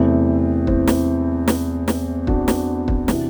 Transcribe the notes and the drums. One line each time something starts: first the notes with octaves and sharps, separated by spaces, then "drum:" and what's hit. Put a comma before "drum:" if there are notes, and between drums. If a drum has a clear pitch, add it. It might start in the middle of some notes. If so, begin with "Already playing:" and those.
Already playing: E2 C3 E3 A3 C4
C4 E4, drum: kick
drum: snare
drum: snare
drum: snare
D4 F#4, drum: kick
drum: snare
drum: kick
C3 E3, drum: snare